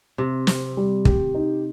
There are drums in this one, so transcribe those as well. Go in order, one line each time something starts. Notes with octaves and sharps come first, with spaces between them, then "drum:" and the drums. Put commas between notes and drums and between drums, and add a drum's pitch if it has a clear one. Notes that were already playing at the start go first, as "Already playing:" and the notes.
C3 C4
C4, drum: snare
G3
G4, drum: kick
D#4